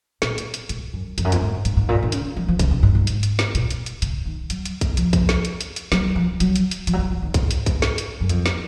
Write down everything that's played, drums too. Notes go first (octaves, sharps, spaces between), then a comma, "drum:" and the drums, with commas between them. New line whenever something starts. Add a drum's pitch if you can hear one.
A#2, drum: snare
drum: hi-hat
drum: hi-hat
G#2, drum: hi-hat
F#2
F2, drum: hi-hat
F#2
F2, drum: hi-hat
G#2
G#2, drum: hi-hat
G#2
A#2
D#3
C#3, drum: hi-hat
F3
F3
C#3, drum: kick A#1, hi-hat
C#3
G#2
G#2
drum: hi-hat
drum: hi-hat
drum: snare
A#2, drum: hi-hat
drum: hi-hat
drum: hi-hat
C#3, drum: hi-hat
D#3
F#3, drum: hi-hat
drum: hi-hat
drum: kick A#1, hi-hat
F3, drum: hi-hat
drum: kick A#1, hi-hat
drum: snare
drum: hi-hat
drum: hi-hat
drum: hi-hat
F#3, drum: snare
F3
F#3, drum: hi-hat
drum: hi-hat
drum: hi-hat
F3, drum: hi-hat
F#3
F3
F3
D#3
G#2, drum: kick A#1, hi-hat
drum: hi-hat
drum: kick A#1, hi-hat
drum: snare
drum: hi-hat
F#2
F2, drum: hi-hat
drum: snare